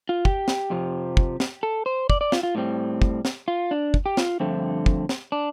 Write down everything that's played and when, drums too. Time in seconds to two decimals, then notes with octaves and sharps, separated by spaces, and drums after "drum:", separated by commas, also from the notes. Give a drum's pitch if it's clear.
0.09 F4
0.25 G4, drum: kick
0.48 drum: snare
0.70 F2 C3 F3
1.17 drum: kick
1.40 drum: snare
1.63 A4
1.86 C5
2.10 D5, drum: kick
2.21 D5
2.32 F4, drum: snare
2.43 F4
2.55 A2 G3 C4
3.02 drum: kick
3.25 drum: snare
3.48 F4
3.71 D4
3.94 drum: kick
4.06 G4
4.17 F4, drum: snare
4.40 G2 D3 F3 A3 C4
4.86 drum: kick
5.09 drum: snare
5.32 D4